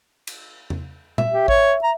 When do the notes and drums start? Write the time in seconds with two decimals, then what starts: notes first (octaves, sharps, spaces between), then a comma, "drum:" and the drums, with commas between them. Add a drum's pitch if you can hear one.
0.27 drum: cymbal
0.70 drum: tom E2
1.18 E5, drum: tom A#2
1.33 G4
1.48 C#5, drum: kick A1
1.84 A#5